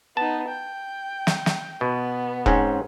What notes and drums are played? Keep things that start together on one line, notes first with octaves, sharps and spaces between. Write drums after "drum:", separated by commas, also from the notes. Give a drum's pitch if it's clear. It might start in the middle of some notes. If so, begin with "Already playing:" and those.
B3 D#4 A5
G5
drum: snare
drum: snare
B2 B3
G#2 C4 C#4, drum: kick E1